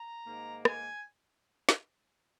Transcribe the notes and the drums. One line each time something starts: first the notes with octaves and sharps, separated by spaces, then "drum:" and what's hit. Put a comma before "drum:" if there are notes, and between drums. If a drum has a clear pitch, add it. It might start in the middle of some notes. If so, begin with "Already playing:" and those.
Already playing: A#5
G#2 D#3 A#3
G#5, drum: rim click
drum: snare